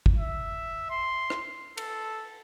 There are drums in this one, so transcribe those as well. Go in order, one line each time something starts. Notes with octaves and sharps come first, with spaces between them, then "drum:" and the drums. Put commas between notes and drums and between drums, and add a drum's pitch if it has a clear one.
drum: kick
E5
C6
drum: rim click
A4, drum: cymbal